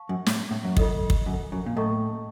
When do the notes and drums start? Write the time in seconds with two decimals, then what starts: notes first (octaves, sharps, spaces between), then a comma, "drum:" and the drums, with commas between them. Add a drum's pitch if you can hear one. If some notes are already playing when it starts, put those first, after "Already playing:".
Already playing: F5 A5 C#6
0.09 F#2
0.26 A2, drum: snare
0.51 A2
0.64 F#2
0.77 F4 A4 D#5, drum: kick
1.10 drum: kick
1.26 F#2
1.52 F#2
1.66 A#2
1.77 A2 A4 D#5 A#5 C#6